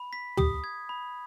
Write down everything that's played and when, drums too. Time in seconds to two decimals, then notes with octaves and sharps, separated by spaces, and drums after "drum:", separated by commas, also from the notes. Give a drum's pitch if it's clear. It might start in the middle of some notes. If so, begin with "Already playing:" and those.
Already playing: B5
0.13 B6
0.37 G4 D#6, drum: tom
0.64 G#6
0.89 B5